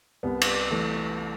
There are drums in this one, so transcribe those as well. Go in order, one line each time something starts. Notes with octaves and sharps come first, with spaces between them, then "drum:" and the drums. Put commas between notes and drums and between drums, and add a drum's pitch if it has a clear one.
C2 B3
drum: cymbal
E3 A3